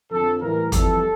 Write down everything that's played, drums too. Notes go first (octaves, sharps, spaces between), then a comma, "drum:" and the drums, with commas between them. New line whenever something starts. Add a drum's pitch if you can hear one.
F2 D3 F3 A4
A2 E3 G3 A#4
F2 E3 G3 A4, drum: kick, hi-hat